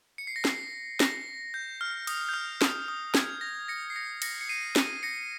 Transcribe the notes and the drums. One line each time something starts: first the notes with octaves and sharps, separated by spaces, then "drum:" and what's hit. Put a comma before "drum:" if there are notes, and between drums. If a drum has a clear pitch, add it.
C#7
C7
A#6
C7, drum: snare
A#6, drum: snare
G6
F6
D#6, drum: cymbal
G6
F6
D#6, drum: snare
D#6
G#6, drum: snare
A#6
A#6 C#7
C7
A#6 C#7
A#6 C#7, drum: cymbal
C#7
C7 D#7
A#6 C#7, drum: snare
A#6 C#7